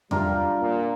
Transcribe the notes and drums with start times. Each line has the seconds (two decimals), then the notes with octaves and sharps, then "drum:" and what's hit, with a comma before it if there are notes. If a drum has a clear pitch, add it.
0.11 G3 D4 F4 A#4, drum: tom E2
0.61 A#2